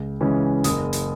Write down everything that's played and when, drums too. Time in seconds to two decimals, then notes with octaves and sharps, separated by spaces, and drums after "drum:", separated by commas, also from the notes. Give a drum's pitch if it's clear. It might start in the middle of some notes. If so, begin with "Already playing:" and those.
Already playing: C#2
0.21 C#3 E3 G#3 C#4
0.64 F#1 D#6, drum: hi-hat
0.93 drum: hi-hat